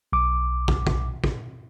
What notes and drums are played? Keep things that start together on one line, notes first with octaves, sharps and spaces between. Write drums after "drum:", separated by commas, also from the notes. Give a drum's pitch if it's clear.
B1 D6
drum: kick
drum: kick
drum: kick